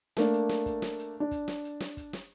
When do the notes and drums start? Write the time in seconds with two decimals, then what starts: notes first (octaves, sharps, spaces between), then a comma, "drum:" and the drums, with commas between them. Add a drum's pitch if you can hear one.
0.17 A3 A#3 D4, drum: snare
0.33 drum: hi-hat
0.49 drum: snare
0.66 drum: kick, hi-hat
0.82 drum: snare
0.99 drum: hi-hat
1.20 D4
1.31 drum: kick, hi-hat
1.48 drum: snare
1.64 drum: hi-hat
1.80 drum: snare
1.97 drum: kick, hi-hat
2.13 drum: snare